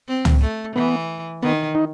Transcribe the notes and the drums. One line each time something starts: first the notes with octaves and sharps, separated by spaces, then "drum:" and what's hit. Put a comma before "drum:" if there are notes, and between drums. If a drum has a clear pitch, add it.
C4
drum: tom
A3
E3 B3
D#3 B3
D#4